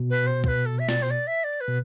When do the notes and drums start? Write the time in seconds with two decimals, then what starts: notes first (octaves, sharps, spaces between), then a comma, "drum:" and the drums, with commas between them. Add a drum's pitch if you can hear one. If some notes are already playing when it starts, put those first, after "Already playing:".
Already playing: B2
0.10 B4
0.27 C5
0.44 C5, drum: kick
0.48 B4
0.66 A4
0.79 E5
0.89 D5, drum: snare
1.02 C5
1.10 D5
1.27 E5
1.44 D5
1.61 B4
1.68 B2